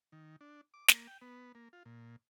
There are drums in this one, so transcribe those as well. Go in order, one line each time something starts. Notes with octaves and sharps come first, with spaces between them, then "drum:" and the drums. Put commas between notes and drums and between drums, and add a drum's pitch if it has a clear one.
D#3
D4
D6
A#3, drum: snare
G5
B3
A#3
F4
A#2